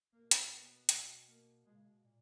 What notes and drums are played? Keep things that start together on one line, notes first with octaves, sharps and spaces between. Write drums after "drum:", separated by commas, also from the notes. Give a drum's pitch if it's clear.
B2 A#3
drum: hi-hat
B3
B2, drum: hi-hat
A#3
B2 G#3
C#3
B2
A#2